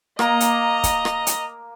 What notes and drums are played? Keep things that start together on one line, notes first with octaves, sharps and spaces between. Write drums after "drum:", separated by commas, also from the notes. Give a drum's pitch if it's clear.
A#3 D#5 A#5, drum: rim click
drum: hi-hat
drum: kick, hi-hat
drum: rim click
drum: hi-hat